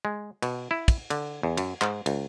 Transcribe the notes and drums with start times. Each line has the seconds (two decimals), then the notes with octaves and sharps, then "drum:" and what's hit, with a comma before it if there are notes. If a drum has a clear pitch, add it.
0.05 G#3
0.42 B2, drum: cymbal
0.71 E4
0.88 drum: kick, cymbal
1.10 D3, drum: cymbal
1.43 E2
1.57 F#2, drum: cymbal
1.81 G#2, drum: clap
2.06 C#2, drum: cymbal